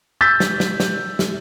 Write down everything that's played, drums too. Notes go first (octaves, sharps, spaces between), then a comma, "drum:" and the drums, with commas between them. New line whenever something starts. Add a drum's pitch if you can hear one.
E6 G6 A6 B6
drum: snare
drum: snare
drum: snare
drum: snare